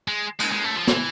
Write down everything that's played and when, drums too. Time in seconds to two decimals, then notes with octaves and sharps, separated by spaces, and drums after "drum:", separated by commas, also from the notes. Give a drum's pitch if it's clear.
0.08 G#3
0.40 G#3, drum: cymbal
0.52 G#3
0.64 A3
0.76 F3
0.87 E3, drum: snare